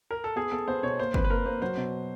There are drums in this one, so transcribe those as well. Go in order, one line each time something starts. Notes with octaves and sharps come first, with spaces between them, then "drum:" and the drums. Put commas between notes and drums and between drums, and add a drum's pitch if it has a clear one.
A#4
A4
B3 G#4
B3 A4
B3 C5
B2 C#5
A#3 C5
F2 B4, drum: kick
B4
A#3 A#4
A#3 C5
F#3 C5
B2